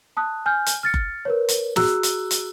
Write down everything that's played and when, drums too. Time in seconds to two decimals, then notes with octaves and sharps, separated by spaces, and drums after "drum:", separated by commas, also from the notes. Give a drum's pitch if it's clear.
0.17 A5 D#6 F#6
0.46 G#5 F6 G6
0.66 drum: hi-hat
0.83 F6 A6 C#7
0.94 drum: kick F#1
1.25 A#4 B4 C#5
1.48 drum: hi-hat
1.76 F#4 G#4 A#5 E6 F#6, drum: snare
2.03 drum: hi-hat
2.31 drum: hi-hat